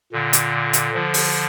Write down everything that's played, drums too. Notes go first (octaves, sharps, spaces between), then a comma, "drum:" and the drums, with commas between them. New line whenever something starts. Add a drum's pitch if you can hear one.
A#2 D3
drum: hi-hat
drum: hi-hat
D3 F3
drum: open hi-hat